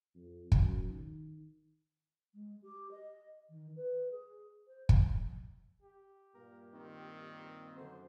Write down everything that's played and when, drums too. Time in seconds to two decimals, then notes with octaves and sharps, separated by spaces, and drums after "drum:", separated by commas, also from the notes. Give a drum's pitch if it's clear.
0.15 F2
0.52 F#2, drum: kick
0.89 D#3
2.34 G#3
2.62 G4
2.91 D#5
3.49 D#3
3.75 B4
4.10 G#4
4.67 C5
4.89 drum: kick
5.83 G4
6.35 G2 A#2 A#3 A#4
6.73 D#3 C4
7.77 F#2 D3 C5